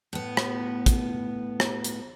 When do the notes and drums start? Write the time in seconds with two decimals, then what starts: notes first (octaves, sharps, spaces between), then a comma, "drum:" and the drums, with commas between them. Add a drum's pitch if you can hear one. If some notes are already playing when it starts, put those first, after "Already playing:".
0.13 A2 B3
0.37 drum: rim click
0.86 drum: kick, hi-hat
1.60 drum: rim click
1.84 drum: hi-hat